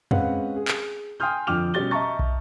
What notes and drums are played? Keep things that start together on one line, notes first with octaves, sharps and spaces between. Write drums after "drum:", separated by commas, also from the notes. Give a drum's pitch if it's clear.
G#3 C4 C#4 B4 F5 F#5, drum: tom
G#4
drum: clap
G5 G#5 C6 D#6 F6 G6
F2 D3 G5 D6 F6 F7
B2 G3 C#4 G4 A6 G7
D#5 E5 A5 A#5 C#6 A6
drum: kick